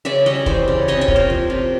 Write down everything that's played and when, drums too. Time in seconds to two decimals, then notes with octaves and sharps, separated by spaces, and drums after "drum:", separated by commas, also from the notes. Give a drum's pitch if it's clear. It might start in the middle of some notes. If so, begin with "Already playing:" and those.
0.05 C#3 D5 E5
0.26 G3 C#5 D#5
0.46 E3 C5 D5, drum: kick
0.68 C#3
0.88 C3 C#5 D#5
1.01 C#5 D#5
1.08 A#3, drum: kick
1.16 A#4 C5
1.30 F3
1.50 C3